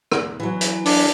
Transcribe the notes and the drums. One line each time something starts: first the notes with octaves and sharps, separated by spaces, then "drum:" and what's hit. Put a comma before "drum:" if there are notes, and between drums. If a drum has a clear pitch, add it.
drum: rim click
E3 F#3
drum: hi-hat
D4, drum: open hi-hat